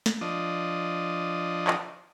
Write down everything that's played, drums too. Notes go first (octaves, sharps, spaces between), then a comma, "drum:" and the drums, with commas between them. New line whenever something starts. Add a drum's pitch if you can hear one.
drum: snare
F3 D4 D#5
drum: clap